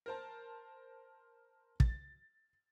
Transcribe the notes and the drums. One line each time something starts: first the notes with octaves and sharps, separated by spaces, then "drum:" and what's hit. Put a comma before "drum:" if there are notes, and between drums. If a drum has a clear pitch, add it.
A#4 C5 A5
A6, drum: kick